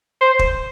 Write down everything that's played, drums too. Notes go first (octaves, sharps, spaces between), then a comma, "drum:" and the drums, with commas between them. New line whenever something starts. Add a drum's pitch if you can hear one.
C5
drum: kick